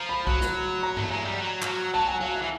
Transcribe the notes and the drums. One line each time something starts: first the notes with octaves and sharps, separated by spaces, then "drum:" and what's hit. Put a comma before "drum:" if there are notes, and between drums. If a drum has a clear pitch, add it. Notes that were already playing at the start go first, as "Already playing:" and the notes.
Already playing: F3 A#5
B5
F#3, drum: kick
drum: snare
A#5
A3, drum: tom G2
G#3
G3
F#3
F3, drum: clap
F#3
F#3 A5
G#5
F#3 F5
E5
E3